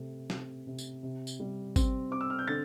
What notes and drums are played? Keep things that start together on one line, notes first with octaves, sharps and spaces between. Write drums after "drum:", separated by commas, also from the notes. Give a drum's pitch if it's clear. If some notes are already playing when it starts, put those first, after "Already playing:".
Already playing: C3 A3
C3, drum: snare
C3
drum: tambourine
C3
drum: tambourine
G3
C4, drum: kick G#1, tambourine
C4 D6
E6
F6
G6
D3 A6